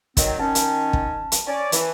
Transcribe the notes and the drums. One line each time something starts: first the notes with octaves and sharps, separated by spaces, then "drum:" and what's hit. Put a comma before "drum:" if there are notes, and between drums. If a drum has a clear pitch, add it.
D#3 F#3 C4, drum: kick, hi-hat
D#3 C#4 A5
drum: hi-hat
drum: kick
drum: hi-hat
C#4 D5
E3, drum: hi-hat